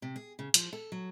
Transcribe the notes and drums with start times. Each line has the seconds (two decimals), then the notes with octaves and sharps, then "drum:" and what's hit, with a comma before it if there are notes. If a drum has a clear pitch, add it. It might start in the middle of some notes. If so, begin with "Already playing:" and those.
0.02 C3
0.16 G#4
0.39 C#3
0.54 F3, drum: hi-hat
0.73 A4
0.92 F#3